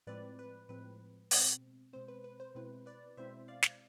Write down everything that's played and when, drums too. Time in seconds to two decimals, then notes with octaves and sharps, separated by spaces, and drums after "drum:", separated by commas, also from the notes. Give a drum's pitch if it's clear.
0.07 A2 F3 G#3 C4 B4 D5
0.39 B4
0.69 A2 F3 G#3 C4 B4
1.31 B2 G#3 C4, drum: open hi-hat
1.93 B2 G#3 C4 C5
2.08 B4
2.24 B4
2.40 C5
2.55 B2 G#3 C4 E4 B4
2.86 B4 D5
3.17 B2 G#3 C4 E4 C5 E5
3.48 D5 F5
3.63 drum: snare